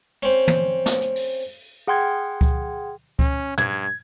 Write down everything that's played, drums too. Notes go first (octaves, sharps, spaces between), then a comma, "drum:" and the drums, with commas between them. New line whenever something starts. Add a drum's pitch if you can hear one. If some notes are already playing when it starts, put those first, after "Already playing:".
C4 C#4
drum: tom
drum: snare
drum: hi-hat
drum: open hi-hat
G#4 F#5 G5 C6 F6 G#6
drum: kick C#2
C#4, drum: kick C#2
G2 G#6, drum: tom